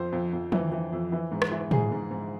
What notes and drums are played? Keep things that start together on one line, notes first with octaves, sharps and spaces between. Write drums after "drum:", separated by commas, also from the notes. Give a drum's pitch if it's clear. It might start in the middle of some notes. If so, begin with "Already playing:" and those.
Already playing: F2 C5
F2
F2
E3, drum: tom
E3
F2
E3
G#2
drum: rim click
E3
G#2 G#4, drum: tom
G#2
G#2